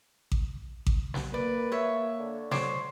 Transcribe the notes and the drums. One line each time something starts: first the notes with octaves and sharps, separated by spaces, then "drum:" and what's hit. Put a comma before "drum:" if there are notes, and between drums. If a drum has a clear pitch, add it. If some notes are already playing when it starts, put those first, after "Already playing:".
drum: kick A1
drum: kick A1
drum: snare
A#3 B4 D5
C#5 E5
D3
C5 C#5 D6, drum: snare